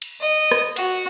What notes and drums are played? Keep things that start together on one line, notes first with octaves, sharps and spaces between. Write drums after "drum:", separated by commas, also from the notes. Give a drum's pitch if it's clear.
drum: cymbal
D#5
drum: rim click
F#4, drum: cymbal